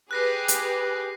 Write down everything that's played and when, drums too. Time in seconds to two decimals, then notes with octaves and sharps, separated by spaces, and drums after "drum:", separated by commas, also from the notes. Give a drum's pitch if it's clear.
0.11 G4 G#4 B4 F#6 A#6 C7
0.48 drum: hi-hat